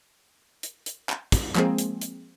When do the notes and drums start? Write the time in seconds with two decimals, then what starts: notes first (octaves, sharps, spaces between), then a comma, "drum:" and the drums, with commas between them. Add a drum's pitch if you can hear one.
0.63 drum: hi-hat
0.86 drum: hi-hat
1.09 drum: clap
1.32 drum: kick, hi-hat
1.55 F3 G#3 A#3 C4 G#4, drum: clap
1.78 drum: hi-hat
2.01 drum: hi-hat